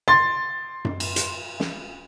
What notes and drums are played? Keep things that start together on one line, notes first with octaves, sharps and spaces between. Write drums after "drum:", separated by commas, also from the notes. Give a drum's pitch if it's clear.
C6 A6
drum: tom F#2
drum: cymbal
drum: hi-hat
drum: snare